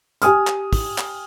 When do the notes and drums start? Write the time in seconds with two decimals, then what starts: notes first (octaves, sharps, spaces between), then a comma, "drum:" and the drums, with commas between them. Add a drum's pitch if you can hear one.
0.22 G4 G#5 D#6 F6, drum: hi-hat
0.47 drum: clap
0.73 drum: kick, open hi-hat
0.98 drum: clap